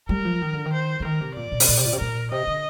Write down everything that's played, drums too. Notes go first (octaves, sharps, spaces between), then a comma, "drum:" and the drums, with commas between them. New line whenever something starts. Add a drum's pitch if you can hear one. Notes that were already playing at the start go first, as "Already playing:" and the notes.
G3 A#4
F3
D#3
D3
D#3
C5
D3
D#3 A#4
C3
A#2 D5
A#2
C3, drum: open hi-hat
A#2
C3
A#2
C3
A#2 A#4
C3 D#5
D3